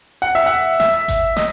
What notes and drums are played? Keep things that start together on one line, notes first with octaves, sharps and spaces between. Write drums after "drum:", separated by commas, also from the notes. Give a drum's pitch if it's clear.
F#5, drum: open hi-hat
E5
F#5
E5, drum: snare
drum: kick G#1, hi-hat
D#5, drum: snare